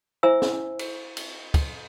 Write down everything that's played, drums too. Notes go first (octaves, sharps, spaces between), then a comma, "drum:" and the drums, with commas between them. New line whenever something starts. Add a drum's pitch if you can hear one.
E4 C5 E5 G#5 E6
drum: snare
drum: cymbal
drum: cymbal
drum: kick, cymbal